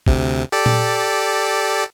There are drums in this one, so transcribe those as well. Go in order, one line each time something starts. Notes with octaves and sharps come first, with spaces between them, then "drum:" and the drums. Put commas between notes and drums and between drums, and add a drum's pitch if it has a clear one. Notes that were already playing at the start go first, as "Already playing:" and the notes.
D2 C3, drum: kick
G4 A4 D5
drum: tom A#2